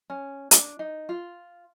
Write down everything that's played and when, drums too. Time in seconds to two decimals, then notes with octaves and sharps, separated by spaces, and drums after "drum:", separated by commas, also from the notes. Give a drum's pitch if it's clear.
0.10 C#4
0.51 D4, drum: hi-hat
0.79 D#4
1.09 F4